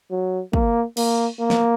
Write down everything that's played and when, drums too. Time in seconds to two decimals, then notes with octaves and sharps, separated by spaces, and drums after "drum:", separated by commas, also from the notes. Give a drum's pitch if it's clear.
0.11 F#3
0.53 A#3, drum: kick
0.97 A#3, drum: cymbal
1.39 A#3
1.50 drum: snare